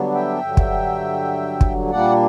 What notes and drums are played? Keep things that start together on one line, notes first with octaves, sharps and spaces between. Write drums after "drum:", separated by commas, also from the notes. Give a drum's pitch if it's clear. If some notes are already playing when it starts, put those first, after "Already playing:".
Already playing: G2 D3 F#3 B3 D4
E5 G5
G2 D3 F#3
drum: kick
drum: kick
A#2 G3 A#3 D4 D5 F#5